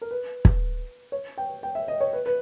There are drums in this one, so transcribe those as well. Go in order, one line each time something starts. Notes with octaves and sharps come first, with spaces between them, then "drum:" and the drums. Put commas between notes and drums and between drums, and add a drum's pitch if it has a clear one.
A#4
B4
drum: kick
C#5
G5
G5
E5
D#5
C#5
B4
B4